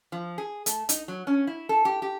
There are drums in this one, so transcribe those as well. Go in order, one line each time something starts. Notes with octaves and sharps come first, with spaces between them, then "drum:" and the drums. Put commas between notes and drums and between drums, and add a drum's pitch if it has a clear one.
F3
G#4
A3, drum: hi-hat
D#4, drum: hi-hat
F#3
C#4
E4
A4
G4
G4